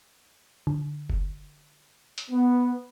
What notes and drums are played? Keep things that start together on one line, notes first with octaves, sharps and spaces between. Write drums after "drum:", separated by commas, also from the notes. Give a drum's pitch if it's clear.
D3
drum: kick F1
drum: hi-hat
B3